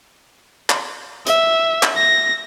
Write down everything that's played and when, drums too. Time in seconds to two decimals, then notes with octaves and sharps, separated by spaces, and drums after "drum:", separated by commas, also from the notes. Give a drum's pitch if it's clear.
0.70 drum: clap
1.27 E5, drum: hi-hat
1.83 drum: clap
1.96 A#6